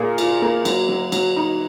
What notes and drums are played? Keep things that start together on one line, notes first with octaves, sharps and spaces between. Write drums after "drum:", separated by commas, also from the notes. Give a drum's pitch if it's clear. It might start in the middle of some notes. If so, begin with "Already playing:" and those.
Already playing: A#2 A#3 G#4
F4, drum: cymbal
A#3
F#3, drum: cymbal
F#3
F#3, drum: cymbal
D#4